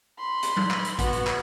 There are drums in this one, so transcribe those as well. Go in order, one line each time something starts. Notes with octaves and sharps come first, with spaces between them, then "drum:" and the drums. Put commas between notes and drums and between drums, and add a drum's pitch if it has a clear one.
B5 C6
drum: hi-hat
drum: tom F#3
drum: clap
drum: hi-hat
B3 F#4, drum: kick A1, hi-hat
drum: hi-hat
drum: clap